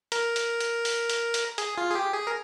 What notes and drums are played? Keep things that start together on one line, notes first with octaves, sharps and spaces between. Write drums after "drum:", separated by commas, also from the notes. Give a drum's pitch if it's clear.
A#4, drum: hi-hat
drum: hi-hat
drum: hi-hat
drum: open hi-hat
drum: hi-hat
drum: hi-hat
G#4, drum: hi-hat
F4
G#4
G4
G#4
A#4